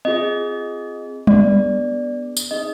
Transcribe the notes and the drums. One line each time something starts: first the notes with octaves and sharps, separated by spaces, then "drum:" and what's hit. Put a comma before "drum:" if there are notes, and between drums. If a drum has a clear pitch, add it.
C4 F4 G#4 D#5
B3 D4 G#4 D5, drum: tom G3
drum: tambourine
C4 D#4 G#4 D#5